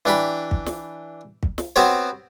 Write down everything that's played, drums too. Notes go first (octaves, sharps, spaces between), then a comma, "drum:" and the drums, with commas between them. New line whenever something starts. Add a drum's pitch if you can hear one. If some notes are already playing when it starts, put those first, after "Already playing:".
E3 D4 G4 B5
drum: kick
drum: snare
drum: kick
drum: snare
B3 C4 F#4 G4 C5 C#5